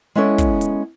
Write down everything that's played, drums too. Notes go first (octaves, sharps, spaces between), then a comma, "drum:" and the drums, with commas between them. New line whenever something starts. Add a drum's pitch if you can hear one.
G#3 B3 C#4 E4 A4 C#5
drum: kick, hi-hat
drum: hi-hat